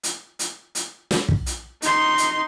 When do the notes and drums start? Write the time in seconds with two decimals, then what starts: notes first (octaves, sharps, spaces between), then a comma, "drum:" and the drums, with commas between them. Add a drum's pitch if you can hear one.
0.04 drum: hi-hat
0.39 drum: hi-hat
0.75 drum: hi-hat
1.11 drum: snare
1.29 drum: kick
1.46 drum: hi-hat
1.82 D#4 C6, drum: hi-hat
2.18 drum: hi-hat